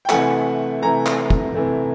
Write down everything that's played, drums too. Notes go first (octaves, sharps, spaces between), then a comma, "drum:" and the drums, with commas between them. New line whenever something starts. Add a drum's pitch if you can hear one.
G5
C3 E3 A3 F#5 G#5, drum: clap
C3 E3 A3 G#5 A#5
drum: clap
drum: kick
C3 E3 A3